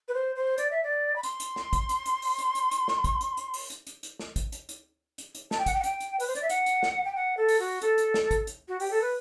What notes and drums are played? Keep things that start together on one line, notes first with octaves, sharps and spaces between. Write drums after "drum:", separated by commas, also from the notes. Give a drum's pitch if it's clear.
B4
C5
C5
D5, drum: hi-hat
E5
D5
B5
C6, drum: hi-hat
drum: hi-hat
drum: snare
drum: kick, hi-hat
drum: hi-hat
drum: hi-hat
drum: open hi-hat
drum: hi-hat
drum: hi-hat
drum: hi-hat
drum: snare
drum: kick, hi-hat
drum: hi-hat
drum: hi-hat
drum: open hi-hat
drum: hi-hat
drum: hi-hat
drum: hi-hat
drum: snare
drum: kick, hi-hat
drum: hi-hat
drum: hi-hat
drum: hi-hat
drum: hi-hat
A5, drum: snare
G5
F#5, drum: kick, hi-hat
G5
F#5
G5, drum: hi-hat
drum: hi-hat
B4, drum: open hi-hat
C5
D5, drum: hi-hat
E5
F#5, drum: hi-hat
drum: hi-hat
drum: snare
G5
F#5
A4
drum: open hi-hat
F#4
A4, drum: hi-hat
drum: hi-hat
drum: snare
drum: kick, hi-hat
drum: hi-hat
F#4
G4, drum: open hi-hat
A4
B4